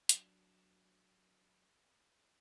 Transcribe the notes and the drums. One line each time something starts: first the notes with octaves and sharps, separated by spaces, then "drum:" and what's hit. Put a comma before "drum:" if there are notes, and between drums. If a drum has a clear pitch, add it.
F#3 D4, drum: hi-hat